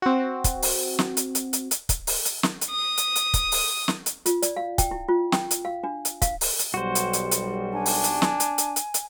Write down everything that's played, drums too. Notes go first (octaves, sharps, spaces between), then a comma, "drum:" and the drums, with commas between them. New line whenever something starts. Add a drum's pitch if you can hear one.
C4 F#4
drum: kick, hi-hat
drum: open hi-hat
drum: snare
drum: hi-hat
drum: hi-hat
drum: hi-hat
drum: hi-hat
drum: kick, hi-hat
drum: open hi-hat
drum: hi-hat
drum: snare
drum: hi-hat
D#6
drum: hi-hat
drum: hi-hat
drum: kick, hi-hat
drum: open hi-hat
drum: snare
drum: hi-hat
F4, drum: hi-hat
D5, drum: hi-hat
F5
G5, drum: kick, hi-hat
E4
F4
G5, drum: snare
drum: hi-hat
F5
D4
drum: hi-hat
F5, drum: kick, hi-hat
drum: open hi-hat
drum: hi-hat
B1 G3 F#4 C5
drum: hi-hat
drum: hi-hat
drum: hi-hat
D4 G#5
drum: open hi-hat
drum: hi-hat
drum: snare
drum: hi-hat
drum: hi-hat
drum: hi-hat
drum: hi-hat